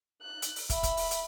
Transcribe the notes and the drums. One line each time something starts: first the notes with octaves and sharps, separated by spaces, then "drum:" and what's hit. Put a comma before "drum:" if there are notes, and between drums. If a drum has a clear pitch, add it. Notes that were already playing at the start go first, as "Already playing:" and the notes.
F#6
drum: hi-hat
drum: open hi-hat
E5 B5, drum: kick, hi-hat
drum: kick, hi-hat
drum: open hi-hat
drum: hi-hat